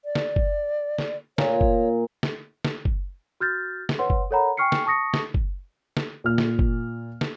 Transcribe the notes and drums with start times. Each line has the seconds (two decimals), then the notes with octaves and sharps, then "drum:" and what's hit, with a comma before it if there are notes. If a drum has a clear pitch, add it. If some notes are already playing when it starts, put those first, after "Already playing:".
0.05 D5
0.15 drum: snare
0.36 drum: kick F#1
0.98 drum: snare
1.38 A#2 C#5, drum: snare
1.61 drum: kick F#1
2.23 drum: snare
2.65 drum: snare
2.85 drum: kick F#1
3.40 F#4 F6 G6 A6
3.89 drum: snare
3.99 B4 C#5 F#5 C6
4.10 drum: kick F#1
4.31 A4 A#4 C#5 F#5 A#5 B5
4.57 G5 G#5 C#6 F6 C7 C#7
4.72 drum: snare
4.86 A5 C#6 D#6 A#6 C#7
5.14 drum: snare
5.34 drum: kick F#1
5.97 drum: snare
6.24 A#2 F6
6.38 drum: snare
6.59 drum: kick F#1
7.21 drum: snare